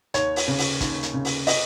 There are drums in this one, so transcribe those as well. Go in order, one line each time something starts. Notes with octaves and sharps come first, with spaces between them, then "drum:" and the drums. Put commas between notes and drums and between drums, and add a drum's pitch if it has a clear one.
D#2 C#5, drum: hi-hat
drum: open hi-hat
C#3
drum: open hi-hat
D#2, drum: kick, hi-hat
drum: hi-hat
C#3
drum: open hi-hat
D#5, drum: open hi-hat